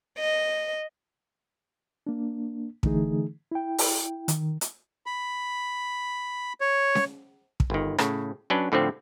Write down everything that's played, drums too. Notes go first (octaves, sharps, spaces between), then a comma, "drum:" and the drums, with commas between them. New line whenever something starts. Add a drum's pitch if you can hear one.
D#5
A#3 D4
D3 E3 A3 D#4 G#4, drum: kick
E4 G5
drum: open hi-hat
D#3, drum: hi-hat
drum: hi-hat
B5
C#5
drum: snare C#4
drum: kick
G1 D#3
A2 C#3, drum: rim click
F#3 C#4 D4 B4
A2 D3 F3 C4